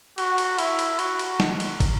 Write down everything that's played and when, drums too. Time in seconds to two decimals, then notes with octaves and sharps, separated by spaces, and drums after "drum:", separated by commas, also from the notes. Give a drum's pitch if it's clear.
0.18 F#4, drum: cymbal
0.38 drum: cymbal
0.59 E4, drum: cymbal
0.79 drum: cymbal
0.99 F#4, drum: cymbal
1.19 drum: cymbal
1.40 drum: snare
1.60 drum: cymbal
1.80 drum: kick, cymbal